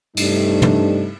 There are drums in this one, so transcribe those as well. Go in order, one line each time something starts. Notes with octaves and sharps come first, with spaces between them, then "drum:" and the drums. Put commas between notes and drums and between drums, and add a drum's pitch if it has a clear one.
G2 C3 A3 D4 D#4, drum: cymbal
drum: tom